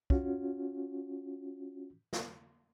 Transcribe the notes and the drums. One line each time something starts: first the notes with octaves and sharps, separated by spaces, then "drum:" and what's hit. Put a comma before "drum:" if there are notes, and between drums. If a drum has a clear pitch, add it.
C#4 F4 F#4, drum: kick
drum: snare